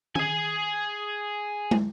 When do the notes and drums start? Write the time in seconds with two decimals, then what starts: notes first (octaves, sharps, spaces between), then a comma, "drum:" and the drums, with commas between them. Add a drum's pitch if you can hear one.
0.15 G#4 G#5, drum: tom D#3
1.71 drum: tom